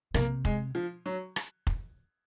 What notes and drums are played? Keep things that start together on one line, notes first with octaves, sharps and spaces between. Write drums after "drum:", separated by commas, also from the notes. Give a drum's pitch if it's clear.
C3 A#3, drum: rim click
G#3, drum: kick F1
F3
F#3
drum: rim click
drum: kick F1